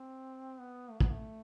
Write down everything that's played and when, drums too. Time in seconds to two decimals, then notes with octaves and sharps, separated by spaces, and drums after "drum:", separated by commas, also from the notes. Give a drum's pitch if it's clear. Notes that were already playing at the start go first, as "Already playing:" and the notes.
Already playing: C4
0.60 B3
0.90 A3
1.01 B3, drum: kick
1.10 A3